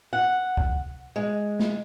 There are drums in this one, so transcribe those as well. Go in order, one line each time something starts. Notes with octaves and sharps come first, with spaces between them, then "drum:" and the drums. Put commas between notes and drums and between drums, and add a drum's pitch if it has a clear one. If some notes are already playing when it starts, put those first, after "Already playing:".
F#5
drum: kick
G#3
drum: snare